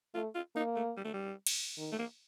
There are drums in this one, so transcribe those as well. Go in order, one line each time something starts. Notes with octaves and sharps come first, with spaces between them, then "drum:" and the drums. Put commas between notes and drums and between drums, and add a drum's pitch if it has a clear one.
A3 F4
F4
A#3 D#4
A3
G3
A3
G3
drum: cymbal
D#3
A3
A#3